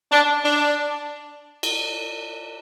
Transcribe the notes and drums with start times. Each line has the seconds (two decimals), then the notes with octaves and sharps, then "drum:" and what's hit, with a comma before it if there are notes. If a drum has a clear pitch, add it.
0.12 D4
0.45 D4
1.63 drum: cymbal